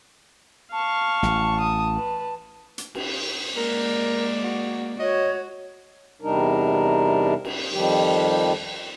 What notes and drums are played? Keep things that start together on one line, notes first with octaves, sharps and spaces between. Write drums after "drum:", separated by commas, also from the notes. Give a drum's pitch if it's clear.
F5 A5 C#6
A1, drum: snare
D#6
B4
drum: hi-hat
drum: cymbal
G#3 A#3 A#4 D5
F#4
F#4 C#5 D#5
E2 C3 G3 D4 D#4 A#4
drum: cymbal
F2 D#3 F3 G3 G4